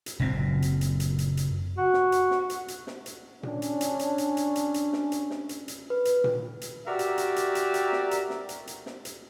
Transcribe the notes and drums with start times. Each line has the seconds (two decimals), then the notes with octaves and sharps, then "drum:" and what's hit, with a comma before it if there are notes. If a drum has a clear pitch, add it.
0.06 drum: hi-hat
0.20 F#1 F#2 A#2 C4
0.62 drum: hi-hat
0.81 drum: hi-hat
1.00 drum: hi-hat
1.19 drum: hi-hat
1.37 drum: hi-hat
1.78 F#4
1.93 drum: snare
2.12 drum: hi-hat
2.31 drum: snare
2.50 drum: hi-hat
2.68 drum: hi-hat
2.87 drum: snare
3.06 drum: hi-hat
3.43 C#4 D4, drum: tom A#2
3.62 drum: hi-hat
3.81 drum: hi-hat
3.99 drum: hi-hat
4.18 drum: hi-hat
4.37 drum: hi-hat
4.56 drum: hi-hat
4.74 drum: hi-hat
4.93 drum: snare
5.12 drum: hi-hat
5.30 drum: snare
5.49 drum: hi-hat
5.68 drum: hi-hat
5.90 B4
6.05 drum: hi-hat
6.24 drum: tom A#2
6.61 drum: hi-hat
6.87 F#4 G4 A#4 D5 E5
6.99 drum: hi-hat
7.18 drum: hi-hat
7.36 drum: hi-hat
7.55 drum: hi-hat
7.74 drum: hi-hat
7.93 drum: snare
8.11 drum: hi-hat
8.30 drum: snare
8.49 drum: hi-hat
8.67 drum: hi-hat
8.86 drum: snare
9.05 drum: hi-hat